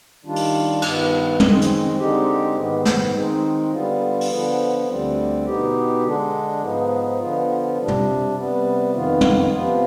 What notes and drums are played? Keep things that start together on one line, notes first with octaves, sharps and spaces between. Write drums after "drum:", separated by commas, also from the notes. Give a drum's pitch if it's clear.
D#3 G3 D4 F4
drum: open hi-hat
G2 D#3 B3, drum: cymbal
D#3 G#3 C4, drum: tom
drum: hi-hat
D3 G#3 C4 D#4 G4
G#2 D#3 B3
drum: snare
D#3 G#3 C4 D#4
D3 G3 B3 F4
drum: open hi-hat
D3 F3 B3
D2 D3 G3 C4
B2 B3 D#4 G4
D3 G#3 D4
G#2 F3 B3 D#4
D3 F3 B3 F4
C3 G3 D4
drum: tom
C3 G3 B3
F2 D#3 B3 F4
drum: tom
C3 F3 B3 F4